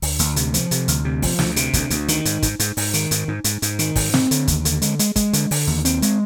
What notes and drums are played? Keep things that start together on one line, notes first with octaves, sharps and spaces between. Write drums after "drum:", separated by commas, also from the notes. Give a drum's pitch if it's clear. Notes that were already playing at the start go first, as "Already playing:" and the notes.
D2, drum: open hi-hat
D2, drum: hi-hat
C3, drum: hi-hat
F3, drum: hi-hat
C3, drum: hi-hat
D2, drum: hi-hat
C3
F3, drum: kick, open hi-hat
D2, drum: snare
C3, drum: hi-hat
D2, drum: kick, hi-hat
D2, drum: hi-hat
D#3, drum: hi-hat
G#2, drum: hi-hat
G#2, drum: kick, hi-hat
G#2, drum: hi-hat
G#2, drum: open hi-hat
D#3, drum: hi-hat
G#2, drum: hi-hat
G#2
G#2, drum: hi-hat
G#2, drum: hi-hat
D#3, drum: hi-hat
G#2, drum: kick, open hi-hat
C4, drum: snare
D3, drum: hi-hat
D#2, drum: kick, hi-hat
D3, drum: hi-hat
G#3, drum: hi-hat
G#3, drum: hi-hat
G#3, drum: kick, hi-hat
D3, drum: hi-hat
D3, drum: open hi-hat
D#2
C4, drum: hi-hat
G#3, drum: hi-hat